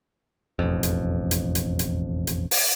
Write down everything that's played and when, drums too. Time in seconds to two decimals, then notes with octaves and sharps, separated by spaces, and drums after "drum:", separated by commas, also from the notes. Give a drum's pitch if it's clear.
0.59 E1 A1 F2
0.83 drum: hi-hat
1.31 drum: hi-hat
1.55 drum: hi-hat
1.79 drum: hi-hat
2.27 drum: hi-hat
2.51 drum: open hi-hat